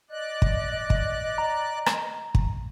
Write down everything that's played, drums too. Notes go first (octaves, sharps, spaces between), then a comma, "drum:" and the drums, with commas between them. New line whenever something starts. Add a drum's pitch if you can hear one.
D5 D#5 F#6
drum: kick
drum: kick
A#5
drum: rim click
drum: kick